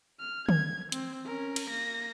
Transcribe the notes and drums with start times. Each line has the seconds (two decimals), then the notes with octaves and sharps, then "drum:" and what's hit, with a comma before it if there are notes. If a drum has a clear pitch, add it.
0.20 F6
0.49 G#6, drum: tom D3
0.92 C4, drum: hi-hat
1.26 C#4 A#4
1.56 drum: cymbal
1.70 A#3 A#6